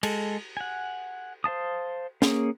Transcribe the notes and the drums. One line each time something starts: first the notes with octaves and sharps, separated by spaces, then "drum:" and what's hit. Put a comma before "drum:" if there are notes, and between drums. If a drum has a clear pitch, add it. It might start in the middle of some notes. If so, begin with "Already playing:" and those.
G#3 A4, drum: cymbal
F#5 G#5
C5 F5 A5 D#6
A#3 C#4 G#4, drum: snare